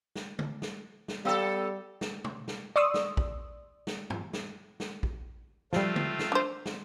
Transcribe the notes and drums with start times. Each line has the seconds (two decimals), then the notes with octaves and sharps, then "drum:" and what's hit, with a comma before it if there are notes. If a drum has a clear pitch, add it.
0.16 drum: snare
0.39 drum: tom D3
0.62 drum: snare
1.08 drum: snare
1.25 G3 B3 A4 F5 G5 E6
2.01 drum: snare
2.24 drum: tom B2
2.48 drum: snare
2.76 D5 C6 C#6 D#6 E6
2.94 drum: snare
3.17 drum: kick
3.87 drum: snare
4.10 drum: tom
4.33 drum: snare
4.80 drum: snare
5.03 drum: kick
5.73 F3 G3 A3 C4 F4, drum: snare
5.96 drum: tom D3
6.19 drum: snare
6.32 D4 C5
6.66 drum: snare